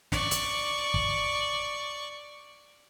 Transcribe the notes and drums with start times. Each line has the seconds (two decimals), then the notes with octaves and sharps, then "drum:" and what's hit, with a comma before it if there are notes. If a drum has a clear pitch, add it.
0.12 D5 C#6, drum: snare
0.31 drum: hi-hat
0.94 drum: kick